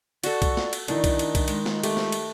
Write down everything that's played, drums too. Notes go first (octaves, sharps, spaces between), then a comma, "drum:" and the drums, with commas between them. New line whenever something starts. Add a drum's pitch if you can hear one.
F#4 A4 D5, drum: cymbal
drum: kick C2, cymbal
drum: snare
drum: cymbal
D#3 A3 D4 E4, drum: cymbal
drum: kick C2, cymbal
drum: cymbal
drum: kick C2, cymbal
G#3, drum: cymbal
drum: snare
A3 G4, drum: cymbal
drum: snare
drum: cymbal